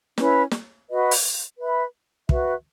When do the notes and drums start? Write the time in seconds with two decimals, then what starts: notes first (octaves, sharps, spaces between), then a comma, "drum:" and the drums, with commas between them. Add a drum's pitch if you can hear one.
0.18 C#4 E4 B4, drum: snare
0.51 drum: snare
0.88 F#4 B4 D#5
1.11 drum: open hi-hat
1.58 B4 E5 B5
2.29 F#4 B4 E5, drum: kick